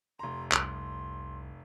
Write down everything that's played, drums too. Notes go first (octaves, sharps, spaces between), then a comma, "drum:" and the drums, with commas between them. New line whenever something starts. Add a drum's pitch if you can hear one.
F1 A#5 C6
C2 C6, drum: clap